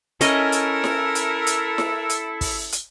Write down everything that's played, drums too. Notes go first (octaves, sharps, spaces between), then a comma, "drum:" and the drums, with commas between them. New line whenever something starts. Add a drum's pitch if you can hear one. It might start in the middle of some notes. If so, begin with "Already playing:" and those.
C#4 E4 A4 A#4 D#5, drum: hi-hat
drum: hi-hat
drum: snare E4
drum: hi-hat
drum: hi-hat
drum: snare E4
drum: hi-hat
drum: kick, open hi-hat
drum: hi-hat